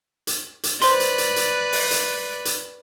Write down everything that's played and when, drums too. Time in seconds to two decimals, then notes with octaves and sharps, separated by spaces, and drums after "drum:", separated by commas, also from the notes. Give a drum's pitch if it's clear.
0.27 drum: hi-hat
0.63 drum: hi-hat
0.82 B4 C5 D5 C6, drum: hi-hat
1.00 drum: hi-hat
1.18 drum: hi-hat
1.36 drum: hi-hat
1.73 drum: open hi-hat
1.91 drum: hi-hat
2.45 drum: hi-hat